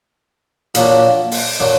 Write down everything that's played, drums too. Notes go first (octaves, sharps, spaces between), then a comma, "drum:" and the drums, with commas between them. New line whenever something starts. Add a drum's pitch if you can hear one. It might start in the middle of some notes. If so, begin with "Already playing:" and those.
A#2 F#3 A#3 D4, drum: hi-hat
drum: open hi-hat
A#2 F#3 A#3 D4